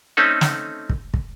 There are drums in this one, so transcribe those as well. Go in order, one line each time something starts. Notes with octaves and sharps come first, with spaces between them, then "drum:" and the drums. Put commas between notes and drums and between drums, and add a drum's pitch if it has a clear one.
A3 C4 C#4 D#4 A4
drum: snare
drum: kick
drum: kick